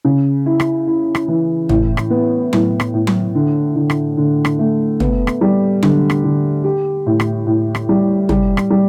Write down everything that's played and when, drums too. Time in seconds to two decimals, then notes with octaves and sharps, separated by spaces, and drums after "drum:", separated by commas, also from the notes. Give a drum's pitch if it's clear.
0.05 C#3
0.46 E4
0.60 drum: rim click
0.87 E4
1.15 drum: rim click
1.28 E3
1.69 A2, drum: tom
1.97 drum: rim click
2.10 B3
2.53 A2, drum: tom F#3
2.80 drum: rim click
2.94 A2
3.07 drum: tom F#3
3.35 D3
3.76 D3
3.90 drum: rim click
4.17 D3
4.45 drum: rim click
4.59 A3
5.00 B3, drum: tom
5.27 drum: rim click
5.41 G3
5.83 D3, drum: tom F#3
6.10 drum: rim click
6.24 D3
6.64 G4
7.06 A2
7.20 drum: rim click
7.47 A2
7.75 drum: rim click
7.89 G3
8.29 G3, drum: tom
8.57 drum: rim click
8.70 G3